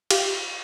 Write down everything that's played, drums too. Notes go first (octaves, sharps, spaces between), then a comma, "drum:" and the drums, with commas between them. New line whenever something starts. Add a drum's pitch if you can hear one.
F4 G4, drum: cymbal